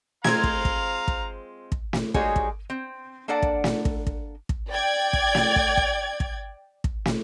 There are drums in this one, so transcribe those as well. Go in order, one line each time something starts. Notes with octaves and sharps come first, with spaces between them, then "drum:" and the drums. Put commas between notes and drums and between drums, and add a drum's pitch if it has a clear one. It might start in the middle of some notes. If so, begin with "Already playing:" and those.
G#3 C4 F4 F5 A#5 G#6, drum: snare
drum: kick
drum: kick
drum: kick
drum: kick
drum: snare
G3 G#3 D#4 F#4 G#4 C#5, drum: kick
drum: kick
C4
A#3 D4 A4 D5 F#5
drum: kick
drum: snare
drum: kick
drum: kick
drum: kick
D5 G5 G#6
drum: kick
drum: snare
drum: kick
drum: kick
drum: kick
drum: kick
drum: snare